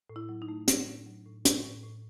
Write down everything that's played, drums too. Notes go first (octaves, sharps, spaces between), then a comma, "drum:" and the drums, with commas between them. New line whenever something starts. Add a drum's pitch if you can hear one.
A2
E4
F#3
D#4
A3
A2 D4, drum: hi-hat
A2
F#3
A2
A2, drum: hi-hat
A2
A2